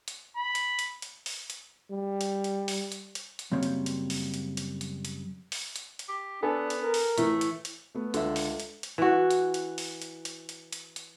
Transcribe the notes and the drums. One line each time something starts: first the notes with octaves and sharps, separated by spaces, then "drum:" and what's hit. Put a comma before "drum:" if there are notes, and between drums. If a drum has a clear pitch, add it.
drum: hi-hat
B5
drum: hi-hat
drum: hi-hat
drum: hi-hat
drum: open hi-hat
drum: hi-hat
G3
drum: hi-hat
drum: hi-hat
drum: open hi-hat
drum: hi-hat
drum: hi-hat
drum: hi-hat
F#2 C#3 G3 A#3 C4 C#5
drum: hi-hat
drum: hi-hat
drum: open hi-hat
drum: hi-hat
drum: hi-hat
drum: hi-hat
drum: hi-hat
drum: open hi-hat
drum: hi-hat
drum: hi-hat
G4
B3 D4 A4 G#5
drum: hi-hat
A#4
drum: open hi-hat
A2 E3 A3, drum: hi-hat
drum: hi-hat
drum: hi-hat
A3 B3
C#2 D3 E5, drum: hi-hat
drum: open hi-hat
drum: hi-hat
drum: hi-hat
E3 F#4
drum: hi-hat
drum: hi-hat
drum: open hi-hat
drum: hi-hat
drum: hi-hat
drum: hi-hat
drum: hi-hat
drum: hi-hat